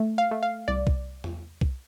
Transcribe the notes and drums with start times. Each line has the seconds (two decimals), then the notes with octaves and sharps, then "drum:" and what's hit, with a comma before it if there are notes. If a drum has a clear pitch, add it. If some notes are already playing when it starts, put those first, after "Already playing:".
Already playing: A3
0.18 F5
0.31 A3
0.43 F5
0.68 C2 D5
0.87 drum: kick C2
1.24 drum: tom E2
1.61 drum: kick C2